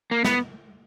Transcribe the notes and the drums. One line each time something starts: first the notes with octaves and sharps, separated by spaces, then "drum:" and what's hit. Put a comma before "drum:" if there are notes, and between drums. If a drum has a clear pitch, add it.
A#3
B3, drum: snare